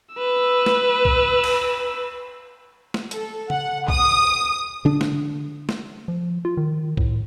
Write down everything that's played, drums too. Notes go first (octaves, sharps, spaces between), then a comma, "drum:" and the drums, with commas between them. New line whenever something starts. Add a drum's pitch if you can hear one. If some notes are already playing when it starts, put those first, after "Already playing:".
B4 E6
drum: snare
drum: kick B1
drum: cymbal
drum: snare
A4, drum: hi-hat
F#5, drum: tom C#3
D#6, drum: kick B1
D3 D4
drum: snare
drum: snare
F3
F4
D#3
A2, drum: kick B1